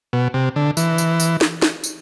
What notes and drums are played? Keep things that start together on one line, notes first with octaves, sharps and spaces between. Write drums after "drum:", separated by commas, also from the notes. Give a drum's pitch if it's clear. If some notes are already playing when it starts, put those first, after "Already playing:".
B2
C3
D3
E3, drum: tambourine
drum: tambourine
drum: tambourine
drum: snare
drum: snare
drum: tambourine